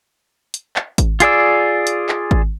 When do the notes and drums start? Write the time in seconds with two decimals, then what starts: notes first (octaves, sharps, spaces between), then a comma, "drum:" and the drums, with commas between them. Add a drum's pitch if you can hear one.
0.54 drum: hi-hat
0.76 drum: clap
0.98 drum: kick G#1, hi-hat
1.20 F4 G#4 D5 E6, drum: hi-hat
1.87 drum: hi-hat
2.09 drum: clap
2.31 drum: kick G#1